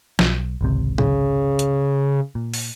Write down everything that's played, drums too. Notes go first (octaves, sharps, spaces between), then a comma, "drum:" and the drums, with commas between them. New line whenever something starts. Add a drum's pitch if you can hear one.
B1, drum: snare
G#1 C#2 C3
C#3, drum: tom A2
drum: hi-hat
A#2
drum: open hi-hat